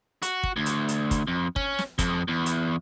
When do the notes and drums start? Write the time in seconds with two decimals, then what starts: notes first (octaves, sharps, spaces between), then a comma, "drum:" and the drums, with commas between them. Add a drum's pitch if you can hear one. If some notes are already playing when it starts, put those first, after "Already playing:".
0.22 F#4, drum: hi-hat
0.43 drum: kick
0.56 D2
0.66 drum: hi-hat
0.88 drum: hi-hat
1.11 drum: kick, hi-hat
1.27 F2
1.56 C#4, drum: kick
1.78 drum: snare
1.99 F2, drum: kick, hi-hat
2.28 E2
2.46 drum: hi-hat